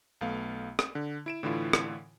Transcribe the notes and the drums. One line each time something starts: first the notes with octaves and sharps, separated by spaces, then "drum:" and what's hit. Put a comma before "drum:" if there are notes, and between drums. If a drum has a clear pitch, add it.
B1 A3 B3 F5
drum: rim click
D3
E4 D7 E7
A2 D3 E3 E4 F4
drum: rim click